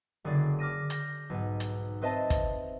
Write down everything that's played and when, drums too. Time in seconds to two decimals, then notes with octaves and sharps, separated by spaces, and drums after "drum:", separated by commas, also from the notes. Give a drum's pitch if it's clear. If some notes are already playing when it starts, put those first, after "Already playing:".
0.25 F#1 D3 G#4 D5 C7
0.59 D6 F6 A#6 D#7
0.90 G6 A#6, drum: hi-hat
1.30 B1 G#2 B3
1.60 drum: hi-hat
2.01 C4 B4 C5 D#5 E5 A5
2.30 drum: kick, hi-hat